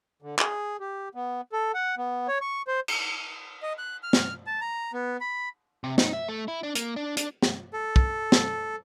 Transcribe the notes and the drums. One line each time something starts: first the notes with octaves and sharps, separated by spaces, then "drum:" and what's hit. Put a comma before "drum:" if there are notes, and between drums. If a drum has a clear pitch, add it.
D3
G#4, drum: clap
G4
B3
A4
F#5
B3
C#5
C#6
C5
drum: cymbal
D#5
F#6
F6
drum: snare
A5
A#5
B3
B5
C3
D#4, drum: snare
E5
A3
E4
D4
A#3, drum: hi-hat
D4
D4, drum: hi-hat
drum: snare
A4
drum: kick
drum: snare